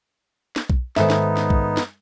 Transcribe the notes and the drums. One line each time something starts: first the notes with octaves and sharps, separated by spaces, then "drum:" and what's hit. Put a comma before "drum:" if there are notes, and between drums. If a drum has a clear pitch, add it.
drum: snare
drum: kick B1
G#2 D#3 B3 D#4 A4 C5 E5, drum: snare
drum: snare
drum: snare
drum: kick B1
drum: snare